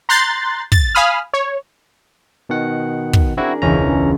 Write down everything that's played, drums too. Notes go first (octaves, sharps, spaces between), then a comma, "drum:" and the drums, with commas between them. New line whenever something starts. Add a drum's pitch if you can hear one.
A#5 C6 F#6 G6 A6 C7
A6, drum: kick
F5 G#5 B5 D#6 F6
C#5
B2 D#3 F#5
drum: kick
C4 D4 E4 F#4 G#4 A#4
E1 C#2 E3 C#4 A#5